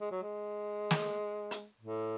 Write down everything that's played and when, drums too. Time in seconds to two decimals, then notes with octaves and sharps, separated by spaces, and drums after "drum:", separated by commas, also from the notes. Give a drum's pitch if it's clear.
0.01 G#3
0.11 F#3
0.22 G#3
0.91 drum: snare
1.51 drum: hi-hat
1.81 A2